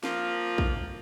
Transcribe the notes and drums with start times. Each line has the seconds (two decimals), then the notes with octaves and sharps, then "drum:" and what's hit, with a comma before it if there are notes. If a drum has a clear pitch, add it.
0.03 F3 A#3 F4, drum: snare
0.58 drum: kick A#1